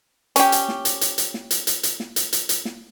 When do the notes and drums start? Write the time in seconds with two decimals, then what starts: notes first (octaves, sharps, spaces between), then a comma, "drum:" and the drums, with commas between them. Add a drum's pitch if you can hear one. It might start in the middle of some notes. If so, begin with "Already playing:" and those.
0.36 C#4 G4, drum: hi-hat
0.52 drum: hi-hat
0.69 drum: snare
0.85 drum: hi-hat
1.01 drum: hi-hat
1.18 drum: hi-hat
1.34 drum: snare
1.51 drum: hi-hat
1.67 drum: hi-hat
1.83 drum: hi-hat
2.00 drum: snare
2.16 drum: hi-hat
2.33 drum: hi-hat
2.49 drum: hi-hat
2.65 drum: snare